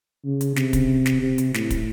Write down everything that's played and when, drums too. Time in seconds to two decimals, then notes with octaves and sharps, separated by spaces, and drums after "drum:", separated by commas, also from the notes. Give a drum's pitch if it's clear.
0.25 C#3
0.41 drum: hi-hat
0.56 C3, drum: snare
0.73 drum: kick, hi-hat
1.06 drum: snare
1.22 C3
1.38 drum: hi-hat
1.54 A2, drum: snare
1.71 drum: kick, hi-hat